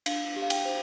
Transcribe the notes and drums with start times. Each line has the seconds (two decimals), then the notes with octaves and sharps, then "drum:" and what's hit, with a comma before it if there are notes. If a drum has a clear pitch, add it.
0.06 D4 F5, drum: cymbal
0.36 G4
0.42 F5
0.50 G5, drum: cymbal
0.65 C5